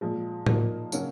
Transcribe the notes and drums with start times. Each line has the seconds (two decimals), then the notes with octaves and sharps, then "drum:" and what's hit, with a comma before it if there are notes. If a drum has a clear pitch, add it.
0.01 A#2 F3 G#3
0.46 A#2 F3 A#3 D#4 A#4, drum: tom A2
0.92 C#3 F#3 A#3 C#4, drum: tambourine